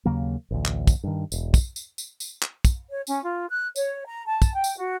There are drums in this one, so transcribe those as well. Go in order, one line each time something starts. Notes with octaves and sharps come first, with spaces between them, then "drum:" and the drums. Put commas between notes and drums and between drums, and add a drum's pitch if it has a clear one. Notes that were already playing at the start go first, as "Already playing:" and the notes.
D#2 C#3 F#3 A#3
A1 D2
drum: clap
drum: kick, tambourine
G2 D#3
E1, drum: tambourine
drum: kick, tambourine
drum: tambourine
drum: tambourine
drum: tambourine
drum: clap
drum: kick, tambourine
C#5
C#4, drum: tambourine
F4
F#6
C#5, drum: tambourine
A#5
A5
drum: kick, tambourine
G5
drum: tambourine
F#4